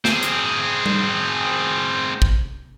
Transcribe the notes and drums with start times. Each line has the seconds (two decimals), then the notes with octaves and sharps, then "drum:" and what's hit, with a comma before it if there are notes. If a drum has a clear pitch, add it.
0.05 C4 G#4, drum: snare
0.23 drum: hi-hat
0.86 drum: tom G3
2.22 drum: kick